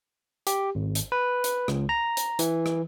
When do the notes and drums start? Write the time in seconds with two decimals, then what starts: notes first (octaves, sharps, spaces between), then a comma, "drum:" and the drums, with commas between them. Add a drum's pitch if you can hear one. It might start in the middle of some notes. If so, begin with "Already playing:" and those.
0.47 G4, drum: hi-hat
0.75 G#1
0.95 drum: hi-hat
1.12 B4
1.44 drum: hi-hat
1.68 C#2, drum: rim click
1.89 A#5
2.17 drum: hi-hat
2.39 E3, drum: hi-hat
2.66 drum: rim click